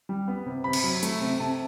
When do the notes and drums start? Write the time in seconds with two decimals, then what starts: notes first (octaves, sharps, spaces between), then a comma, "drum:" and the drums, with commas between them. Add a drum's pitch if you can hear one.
0.09 G3
0.28 B3
0.46 C3
0.64 C3 B5
0.73 drum: cymbal
0.84 F#3
1.03 A3, drum: hi-hat
1.21 C3
1.40 C3 A5